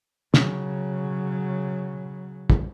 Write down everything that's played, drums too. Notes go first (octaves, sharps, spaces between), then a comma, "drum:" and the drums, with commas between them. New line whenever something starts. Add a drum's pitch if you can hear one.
C#3 F#3, drum: snare
drum: kick